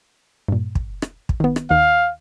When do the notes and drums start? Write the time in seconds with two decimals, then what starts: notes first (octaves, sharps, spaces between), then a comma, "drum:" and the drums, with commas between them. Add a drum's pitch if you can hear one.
0.48 G2 A#2
0.75 drum: kick
1.02 drum: rim click
1.29 drum: kick
1.40 D#3 B3
1.56 drum: rim click
1.70 D#2 D#3 F5